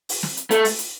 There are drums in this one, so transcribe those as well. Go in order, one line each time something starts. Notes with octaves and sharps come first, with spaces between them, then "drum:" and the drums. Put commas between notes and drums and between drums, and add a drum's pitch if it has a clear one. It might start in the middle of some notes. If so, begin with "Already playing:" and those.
drum: open hi-hat
drum: snare
drum: hi-hat
A3, drum: hi-hat
drum: open hi-hat
drum: hi-hat